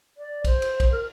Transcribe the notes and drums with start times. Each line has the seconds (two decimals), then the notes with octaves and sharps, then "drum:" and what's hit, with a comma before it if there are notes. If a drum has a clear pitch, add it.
0.17 D5
0.45 C5, drum: kick, cymbal
0.62 drum: cymbal
0.80 drum: kick, cymbal
0.92 A#4